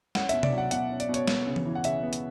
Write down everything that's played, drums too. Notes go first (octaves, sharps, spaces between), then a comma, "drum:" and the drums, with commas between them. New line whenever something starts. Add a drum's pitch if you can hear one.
C#4 F#5, drum: snare
B2 E5, drum: hi-hat
D5, drum: tom C3
F#3 F#5
B2 F#5, drum: hi-hat
C#4
D5, drum: hi-hat
B2
C#5, drum: hi-hat
B3, drum: snare
C#3
drum: tom E3
E3
F#5
C#3 E5, drum: hi-hat
B3
drum: hi-hat